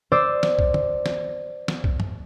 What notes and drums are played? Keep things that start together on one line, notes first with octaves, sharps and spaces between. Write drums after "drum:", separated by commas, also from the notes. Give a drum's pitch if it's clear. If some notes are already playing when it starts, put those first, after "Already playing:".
C5 D5 D#6 E6
drum: snare
drum: kick B1
drum: tom D3
drum: snare
drum: snare
drum: kick B1
drum: tom G2